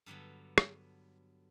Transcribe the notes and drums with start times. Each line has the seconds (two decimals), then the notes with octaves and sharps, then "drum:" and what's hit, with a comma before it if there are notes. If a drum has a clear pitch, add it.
0.06 G2 D3 F#3 B3 A4
0.58 drum: rim click